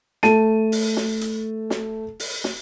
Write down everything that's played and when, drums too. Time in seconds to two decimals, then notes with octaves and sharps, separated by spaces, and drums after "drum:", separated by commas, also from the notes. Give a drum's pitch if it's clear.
0.23 A3 A5 D#7, drum: snare
0.72 drum: open hi-hat
0.97 drum: snare
1.21 drum: hi-hat
1.70 drum: snare
2.20 drum: open hi-hat
2.44 drum: snare